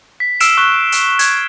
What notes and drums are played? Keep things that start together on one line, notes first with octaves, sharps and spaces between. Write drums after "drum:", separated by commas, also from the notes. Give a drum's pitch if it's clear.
B6
E6 F6 C7 D7 E7, drum: hi-hat
C#6 E6 F#6 B6 G7
drum: hi-hat
G#6, drum: hi-hat